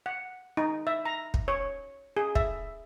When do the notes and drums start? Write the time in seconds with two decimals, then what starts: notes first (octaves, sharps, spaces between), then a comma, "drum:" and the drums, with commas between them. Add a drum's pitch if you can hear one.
0.06 F#5
0.57 D#4
0.87 E5
1.05 A#5
1.34 drum: kick
1.48 C#5
2.17 G#4
2.35 E5, drum: kick